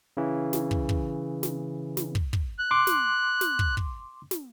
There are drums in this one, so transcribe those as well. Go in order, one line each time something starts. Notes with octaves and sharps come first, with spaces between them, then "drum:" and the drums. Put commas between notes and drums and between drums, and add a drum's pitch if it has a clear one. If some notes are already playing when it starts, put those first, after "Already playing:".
C#3 E3
drum: snare
drum: kick
drum: kick
drum: snare
drum: snare
drum: kick
drum: kick
F#6
C6 D6
drum: snare
drum: snare
drum: kick
drum: kick
drum: snare